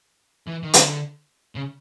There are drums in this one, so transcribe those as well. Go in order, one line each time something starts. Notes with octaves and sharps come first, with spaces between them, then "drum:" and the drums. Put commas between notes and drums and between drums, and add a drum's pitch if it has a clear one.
E3
D#3
D3, drum: hi-hat
C#3